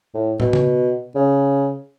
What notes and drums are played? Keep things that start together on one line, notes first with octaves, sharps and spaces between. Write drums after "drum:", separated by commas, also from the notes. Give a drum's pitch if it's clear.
A2
B2, drum: tom
drum: tom C#3
C#3